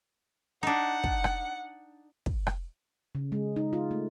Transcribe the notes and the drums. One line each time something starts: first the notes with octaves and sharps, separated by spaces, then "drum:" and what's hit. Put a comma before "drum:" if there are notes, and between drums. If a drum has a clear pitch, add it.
D4 D#4 F#5
drum: kick
drum: rim click
drum: kick
drum: rim click
C#3
G#3
D#4
F4
A3